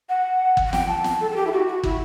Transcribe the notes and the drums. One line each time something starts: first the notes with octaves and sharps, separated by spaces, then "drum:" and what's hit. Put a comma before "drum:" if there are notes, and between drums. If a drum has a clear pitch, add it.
F#5
drum: kick
F#5
G5, drum: snare
A5
drum: snare
A4
A4
G4
E4
F#4
F#4
E4, drum: kick